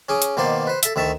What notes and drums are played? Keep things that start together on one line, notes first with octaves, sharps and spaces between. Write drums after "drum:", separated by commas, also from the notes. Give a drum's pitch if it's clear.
C#4 G#4 D6 D#6
drum: hi-hat
B2 D#3 A#3 C5 D5 C6
B4 C5
A4 E5, drum: hi-hat
D2 D#3 E5 A5 C#6